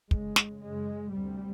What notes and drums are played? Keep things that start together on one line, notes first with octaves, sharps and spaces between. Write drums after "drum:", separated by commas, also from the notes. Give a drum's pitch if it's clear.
F#2 C#3 G#3, drum: kick
drum: snare
F#2 C#3 G#3
D2 C3 G3